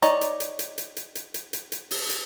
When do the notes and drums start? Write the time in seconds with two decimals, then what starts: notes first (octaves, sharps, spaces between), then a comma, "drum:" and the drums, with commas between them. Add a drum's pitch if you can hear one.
0.02 D#4 C#5 D5, drum: hi-hat
0.21 drum: hi-hat
0.40 drum: hi-hat
0.59 drum: hi-hat
0.78 drum: hi-hat
0.97 drum: hi-hat
1.15 drum: hi-hat
1.34 drum: hi-hat
1.53 drum: hi-hat
1.72 drum: hi-hat
1.91 drum: open hi-hat
2.09 drum: hi-hat